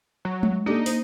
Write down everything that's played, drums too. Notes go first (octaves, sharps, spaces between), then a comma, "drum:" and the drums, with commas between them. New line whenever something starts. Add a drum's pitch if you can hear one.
F#3
drum: tom G#3
A#3 D4 D#4 G4 A4
C5, drum: open hi-hat